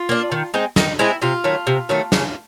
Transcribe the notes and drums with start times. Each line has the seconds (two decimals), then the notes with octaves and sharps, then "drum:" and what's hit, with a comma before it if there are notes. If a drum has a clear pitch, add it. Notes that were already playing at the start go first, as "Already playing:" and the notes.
Already playing: F4
0.09 A#3 D4
0.32 D#3
0.54 G#3 C4 D#4
0.76 D#3 D#4, drum: snare
0.99 G#3 C4 D#4 E4
1.22 C3 F4
1.44 D#3 F#3 A3
1.67 C3
1.89 D#3 F#3 A3
2.12 C#3, drum: snare